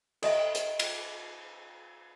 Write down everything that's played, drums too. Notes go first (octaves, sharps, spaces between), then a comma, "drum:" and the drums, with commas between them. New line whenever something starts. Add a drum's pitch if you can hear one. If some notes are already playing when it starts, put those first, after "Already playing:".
A4 D#5 E5, drum: cymbal
drum: hi-hat
drum: cymbal